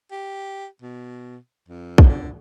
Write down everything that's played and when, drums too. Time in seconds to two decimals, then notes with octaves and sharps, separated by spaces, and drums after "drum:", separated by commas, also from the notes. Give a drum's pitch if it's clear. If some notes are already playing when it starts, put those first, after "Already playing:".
0.12 G4
0.82 B2
1.68 F2
1.98 drum: kick
2.08 D3